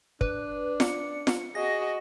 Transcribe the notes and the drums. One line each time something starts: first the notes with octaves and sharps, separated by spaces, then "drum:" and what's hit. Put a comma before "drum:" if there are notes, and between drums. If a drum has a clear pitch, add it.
D4 B4, drum: kick
C#7, drum: snare F4
drum: snare F4
F#4 G#4 D#5 A#6